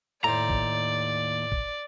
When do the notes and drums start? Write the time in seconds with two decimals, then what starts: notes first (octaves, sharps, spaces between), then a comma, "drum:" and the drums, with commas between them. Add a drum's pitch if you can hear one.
0.24 D#2 A2 C5 D5 A#5
0.50 drum: kick
1.52 drum: kick